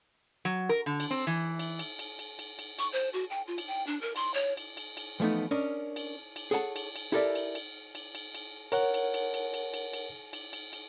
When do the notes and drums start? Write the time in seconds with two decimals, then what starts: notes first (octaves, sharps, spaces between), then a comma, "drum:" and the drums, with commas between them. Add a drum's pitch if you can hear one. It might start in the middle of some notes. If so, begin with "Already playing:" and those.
0.45 F#3
0.69 A#4
0.86 D3
1.00 drum: cymbal
1.11 C4
1.27 E3
1.59 drum: cymbal
1.79 drum: cymbal
1.99 drum: cymbal
2.19 drum: cymbal
2.39 drum: cymbal
2.59 drum: cymbal
2.79 C#6, drum: cymbal
2.92 C5
3.13 F#4
3.30 G5
3.47 F4
3.58 drum: cymbal
3.67 G5
3.87 D4
4.01 A#4
4.16 C6, drum: cymbal
4.34 C#5
4.57 drum: cymbal
4.77 drum: cymbal
4.97 drum: cymbal
5.20 E3 F3 A3 B3 D#4
5.51 C#4 D4 A#4 D#5
5.96 drum: cymbal
6.36 drum: cymbal
6.51 G#4 A4 C#5 F#5 G#5 A5
6.76 drum: cymbal
6.96 drum: cymbal
7.12 E4 G4 A4 A#4 D5 E5
7.35 drum: cymbal
7.55 drum: cymbal
7.95 drum: cymbal
8.15 drum: cymbal
8.35 drum: cymbal
8.72 A#4 C#5 F#5, drum: cymbal
8.94 drum: cymbal
9.14 drum: cymbal
9.34 drum: cymbal
9.54 drum: cymbal
9.74 drum: cymbal
9.93 drum: cymbal
10.33 drum: cymbal
10.53 drum: cymbal
10.73 drum: cymbal